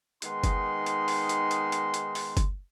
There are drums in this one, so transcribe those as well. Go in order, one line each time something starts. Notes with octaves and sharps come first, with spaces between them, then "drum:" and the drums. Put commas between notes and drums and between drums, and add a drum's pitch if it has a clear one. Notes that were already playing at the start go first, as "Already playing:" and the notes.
D#3 G#3 B3 D#4 C6, drum: hi-hat
drum: kick G1, hi-hat
drum: hi-hat
drum: open hi-hat
drum: hi-hat
drum: hi-hat
drum: hi-hat
drum: hi-hat
drum: open hi-hat
drum: kick G1, hi-hat